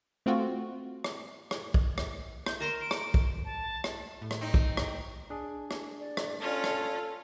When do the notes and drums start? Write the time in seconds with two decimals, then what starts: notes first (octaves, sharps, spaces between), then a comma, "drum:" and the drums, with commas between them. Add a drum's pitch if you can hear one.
0.26 A3 C4 F4 F#4
1.04 drum: rim click
1.51 drum: rim click
1.74 drum: kick
1.98 drum: rim click
2.46 G6, drum: rim click
2.60 A#4 A#5 C6 E7
2.81 D7
2.91 drum: rim click
3.14 drum: kick
3.45 A5
3.84 drum: rim click
4.22 A2
4.31 drum: rim click
4.41 C4 D#4
4.54 drum: kick
4.77 drum: rim click
5.30 D4 G#4
5.71 drum: rim click
6.00 D5
6.17 drum: rim click
6.41 C#4 F4 A4
6.64 drum: rim click